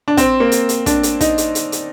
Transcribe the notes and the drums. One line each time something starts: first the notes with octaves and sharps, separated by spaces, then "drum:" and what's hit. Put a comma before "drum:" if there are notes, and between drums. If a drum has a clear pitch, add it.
D4
C4, drum: kick, hi-hat
A#3
drum: hi-hat
drum: hi-hat
D4, drum: kick, hi-hat
drum: hi-hat
D#4, drum: kick, hi-hat
drum: hi-hat
drum: hi-hat
drum: hi-hat